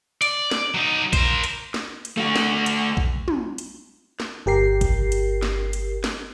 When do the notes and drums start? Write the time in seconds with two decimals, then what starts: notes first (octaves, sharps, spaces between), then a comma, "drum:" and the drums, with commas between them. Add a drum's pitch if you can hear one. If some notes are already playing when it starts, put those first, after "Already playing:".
0.22 D5, drum: hi-hat
0.51 drum: snare
0.75 F#3 D#4
1.13 A#4 C5, drum: kick A#1, hi-hat
1.44 drum: hi-hat
1.74 drum: snare
2.05 drum: hi-hat
2.17 A3 F#4
2.36 drum: snare
2.66 drum: hi-hat
2.97 drum: kick A#1
3.28 drum: tom
3.58 drum: hi-hat
4.20 drum: snare
4.46 G1 G4 A#4 C7
4.81 drum: kick A#1, hi-hat
5.12 drum: hi-hat
5.43 drum: snare
5.73 drum: hi-hat
6.04 drum: snare